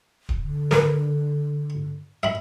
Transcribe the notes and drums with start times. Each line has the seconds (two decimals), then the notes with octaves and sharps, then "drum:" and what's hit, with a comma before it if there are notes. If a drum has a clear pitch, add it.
0.29 drum: kick D1
0.42 D3
0.71 A#4 B4, drum: snare
2.23 E5 B5